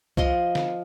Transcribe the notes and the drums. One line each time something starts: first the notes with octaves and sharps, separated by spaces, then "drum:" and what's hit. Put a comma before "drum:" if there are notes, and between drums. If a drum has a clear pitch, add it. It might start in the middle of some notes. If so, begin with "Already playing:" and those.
F3 D#5 C6, drum: kick C2
drum: snare